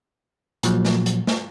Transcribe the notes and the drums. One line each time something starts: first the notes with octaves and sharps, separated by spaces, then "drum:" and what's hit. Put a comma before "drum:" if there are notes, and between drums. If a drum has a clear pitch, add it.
A#2 F3 F#3, drum: hi-hat
drum: snare
drum: hi-hat
drum: snare